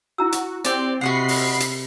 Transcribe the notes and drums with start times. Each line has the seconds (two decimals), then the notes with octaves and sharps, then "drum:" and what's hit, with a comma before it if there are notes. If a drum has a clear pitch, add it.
0.18 E4 F#4 A#5 E6
0.32 drum: hi-hat
0.64 C4 G4 D5, drum: hi-hat
1.01 C3 F#4 D#5 F#5 B5 C7
1.28 drum: open hi-hat
1.60 drum: hi-hat